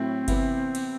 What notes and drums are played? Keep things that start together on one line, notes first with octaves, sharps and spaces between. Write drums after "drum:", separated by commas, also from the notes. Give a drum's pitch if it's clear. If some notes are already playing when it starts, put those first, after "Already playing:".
Already playing: A2 F#3 A3 C4 E4
C3 E3 B3 E4, drum: kick G1, cymbal
drum: cymbal